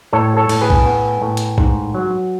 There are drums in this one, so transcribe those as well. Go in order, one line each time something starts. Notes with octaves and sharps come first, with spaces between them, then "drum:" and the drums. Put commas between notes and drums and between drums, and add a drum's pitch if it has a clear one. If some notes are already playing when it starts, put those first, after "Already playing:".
A2 A4 C#5
A4 C#5
A2, drum: cymbal
G#4 B4
drum: kick B1
B3
A2
drum: hi-hat
G#2, drum: kick B1
F#3